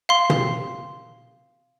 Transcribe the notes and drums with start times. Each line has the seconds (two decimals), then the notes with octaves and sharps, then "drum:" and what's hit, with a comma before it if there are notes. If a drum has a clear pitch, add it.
0.09 F5 C6
0.30 drum: tom